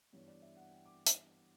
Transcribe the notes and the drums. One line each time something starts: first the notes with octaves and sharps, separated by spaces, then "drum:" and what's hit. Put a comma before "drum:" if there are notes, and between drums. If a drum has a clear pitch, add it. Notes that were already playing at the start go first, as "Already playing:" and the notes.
G2 E3 B3 D4 C#5
D5
E5
F#5
G5
D6
drum: hi-hat